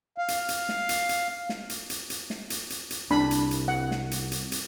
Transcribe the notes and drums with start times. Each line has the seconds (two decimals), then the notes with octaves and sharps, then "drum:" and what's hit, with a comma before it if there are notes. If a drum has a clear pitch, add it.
0.18 F5
0.28 drum: hi-hat
0.49 drum: hi-hat
0.69 drum: snare
0.89 drum: hi-hat
1.09 drum: hi-hat
1.49 drum: snare
1.70 drum: hi-hat
1.90 drum: hi-hat
2.10 drum: hi-hat
2.30 drum: snare
2.50 drum: hi-hat
2.70 drum: hi-hat
2.90 drum: hi-hat
3.11 C2 D4 B5, drum: snare
3.31 drum: hi-hat
3.51 drum: hi-hat
3.68 F#5
3.91 drum: snare
4.11 drum: hi-hat
4.32 drum: hi-hat
4.52 drum: hi-hat